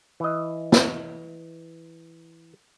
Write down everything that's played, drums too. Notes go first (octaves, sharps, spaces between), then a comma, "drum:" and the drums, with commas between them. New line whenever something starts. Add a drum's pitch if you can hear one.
E3 D#5
drum: snare